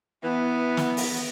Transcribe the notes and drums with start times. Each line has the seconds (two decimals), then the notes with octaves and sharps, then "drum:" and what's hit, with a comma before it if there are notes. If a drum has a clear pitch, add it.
0.24 E3 B3
0.77 drum: snare
0.97 drum: open hi-hat